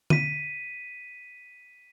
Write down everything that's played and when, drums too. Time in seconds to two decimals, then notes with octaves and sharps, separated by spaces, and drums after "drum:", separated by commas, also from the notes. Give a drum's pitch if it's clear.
0.10 B6 D#7, drum: tom D3